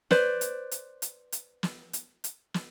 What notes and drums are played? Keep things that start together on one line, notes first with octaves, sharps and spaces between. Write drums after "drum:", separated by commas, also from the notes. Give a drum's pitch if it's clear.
B4 C5 D5, drum: snare
drum: hi-hat
drum: hi-hat
drum: hi-hat
drum: hi-hat
drum: snare
drum: hi-hat
drum: hi-hat
drum: snare